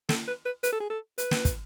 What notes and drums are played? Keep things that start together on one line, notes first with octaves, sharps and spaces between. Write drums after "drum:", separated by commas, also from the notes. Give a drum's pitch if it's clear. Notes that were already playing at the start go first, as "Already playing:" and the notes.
A4, drum: snare
B4
B4
B4, drum: hi-hat
A4
G#4
A4
B4, drum: hi-hat
drum: snare
drum: kick, hi-hat